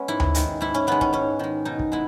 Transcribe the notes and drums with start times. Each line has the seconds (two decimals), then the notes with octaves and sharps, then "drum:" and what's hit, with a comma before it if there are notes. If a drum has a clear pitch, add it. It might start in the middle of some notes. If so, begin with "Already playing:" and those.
Already playing: G#3 B3 C#4
0.08 G#2 E4
0.20 drum: tom D2
0.35 D#3 G#3, drum: hi-hat
0.61 G#2 E4
0.74 C#4
0.87 D#3 G#3 B3
1.01 C#4, drum: kick
1.13 G#2 C#4
1.39 D#3 G#3
1.65 B2 D#4
1.79 drum: kick
1.92 G#3 B3 E4